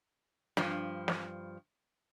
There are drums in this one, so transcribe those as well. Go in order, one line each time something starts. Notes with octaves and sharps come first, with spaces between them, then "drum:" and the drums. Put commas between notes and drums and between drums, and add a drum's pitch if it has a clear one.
G2 F3, drum: snare
drum: snare